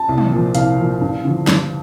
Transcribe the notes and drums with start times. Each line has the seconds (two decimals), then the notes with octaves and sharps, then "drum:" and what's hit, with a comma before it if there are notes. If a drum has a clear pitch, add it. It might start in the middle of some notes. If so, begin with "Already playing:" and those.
Already playing: A5
0.09 C2
0.18 drum: tom
0.31 A#2 F3
0.55 C2 F5, drum: hi-hat
0.78 A#2 F3
1.01 G2
1.25 D3 F3
1.47 G2, drum: snare